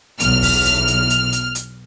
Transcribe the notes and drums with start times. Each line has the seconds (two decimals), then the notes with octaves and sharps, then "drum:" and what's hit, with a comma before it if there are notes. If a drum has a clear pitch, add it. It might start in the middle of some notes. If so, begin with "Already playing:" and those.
0.20 B1 E2 F6, drum: hi-hat
0.42 drum: kick D#2, open hi-hat
0.65 drum: hi-hat
0.87 drum: hi-hat
1.10 drum: hi-hat
1.32 drum: hi-hat
1.55 drum: hi-hat